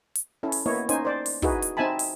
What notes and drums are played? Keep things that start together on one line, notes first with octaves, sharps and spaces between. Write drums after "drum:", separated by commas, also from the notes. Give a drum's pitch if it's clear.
drum: hi-hat
C#4 E4 A4
drum: open hi-hat
A#3 B3 E4 C#5 D#5
C#4 D#4 C5 G#5, drum: hi-hat
C5 D5
drum: open hi-hat
D#4 E4 F#4 G#4 B4, drum: kick
drum: hi-hat
C4 D#4 E5 G#5 A5 B5
drum: open hi-hat